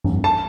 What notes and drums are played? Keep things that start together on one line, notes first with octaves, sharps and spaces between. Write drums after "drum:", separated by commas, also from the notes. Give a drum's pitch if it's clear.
drum: tom G2
A5